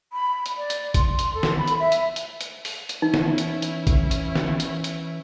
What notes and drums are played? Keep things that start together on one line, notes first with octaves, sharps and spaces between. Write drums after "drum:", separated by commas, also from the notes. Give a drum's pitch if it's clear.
B5
drum: hi-hat
D5
drum: hi-hat
C6, drum: kick, hi-hat
drum: hi-hat
A4
drum: snare
B5
drum: hi-hat
E5
drum: hi-hat
drum: hi-hat
drum: hi-hat
drum: open hi-hat
drum: hi-hat
E3 C#4 D#4 E4
drum: snare
drum: hi-hat
drum: hi-hat
drum: kick, hi-hat
drum: hi-hat
drum: snare
drum: hi-hat
drum: hi-hat